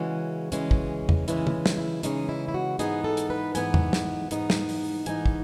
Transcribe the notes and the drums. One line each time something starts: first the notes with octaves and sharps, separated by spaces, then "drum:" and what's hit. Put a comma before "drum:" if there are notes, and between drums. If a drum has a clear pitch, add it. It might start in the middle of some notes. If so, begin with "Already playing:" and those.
Already playing: C#3 E3 G#3 C#4 F#4
C#3 E3 G#3 C#4, drum: hi-hat
drum: kick
drum: tom E2
C#3 E3 G#3 C#4 E4, drum: hi-hat
drum: tom
drum: snare
E4
C#3 E3 G#3 C#4 D#4, drum: hi-hat
E4
E4
F#4
G#2 E3 B3 D#4 G#4, drum: hi-hat
A4
drum: hi-hat
B4
G#2 E3 B3 D#4 G#5, drum: hi-hat
drum: tom E2
drum: snare
G#2 E3 B3 D#4, drum: hi-hat
drum: snare
drum: open hi-hat
G#2 E3 B3 D#4 G#5, drum: hi-hat
drum: kick